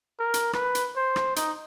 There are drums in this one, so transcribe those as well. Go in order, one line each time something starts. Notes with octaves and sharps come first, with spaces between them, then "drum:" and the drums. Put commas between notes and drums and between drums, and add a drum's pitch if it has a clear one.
A#4
drum: hi-hat
B4, drum: rim click
drum: hi-hat
C5
drum: rim click
D#4, drum: hi-hat